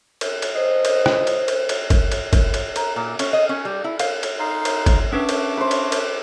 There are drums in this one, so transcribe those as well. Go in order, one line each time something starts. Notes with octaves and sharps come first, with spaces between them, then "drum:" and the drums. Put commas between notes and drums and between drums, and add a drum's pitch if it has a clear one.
drum: cymbal
drum: cymbal
C5 D#5
drum: cymbal
drum: rim click
drum: cymbal
drum: cymbal
drum: cymbal
drum: kick, cymbal
drum: cymbal
drum: kick, cymbal
drum: cymbal
A#5, drum: cymbal
A#2
C#4, drum: cymbal
D#5
C#4
G3
E4
F5, drum: cymbal
drum: cymbal
D#4 A4 F5 C6
drum: cymbal
drum: kick, cymbal
C#4 D4 B4 E5 A5 C#6 D6
drum: cymbal
C5 B5
drum: cymbal
drum: cymbal